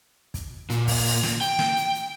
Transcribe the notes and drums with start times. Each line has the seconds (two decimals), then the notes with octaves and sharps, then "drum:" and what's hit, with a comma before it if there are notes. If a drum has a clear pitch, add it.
0.34 drum: kick, hi-hat
0.70 A#2, drum: hi-hat
0.87 drum: kick, open hi-hat
1.05 drum: open hi-hat
1.23 drum: snare
1.41 G5, drum: hi-hat
1.59 drum: snare
1.77 drum: hi-hat
1.94 drum: hi-hat